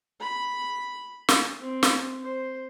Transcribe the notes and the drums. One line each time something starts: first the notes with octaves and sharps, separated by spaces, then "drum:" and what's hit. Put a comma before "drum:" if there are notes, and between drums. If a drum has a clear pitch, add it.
B5
drum: snare
C4
drum: snare
C5